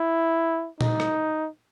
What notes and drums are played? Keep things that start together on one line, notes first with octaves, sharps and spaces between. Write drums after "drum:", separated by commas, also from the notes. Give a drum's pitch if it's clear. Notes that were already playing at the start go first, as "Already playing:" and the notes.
Already playing: E4
D#4, drum: tom A#2
drum: rim click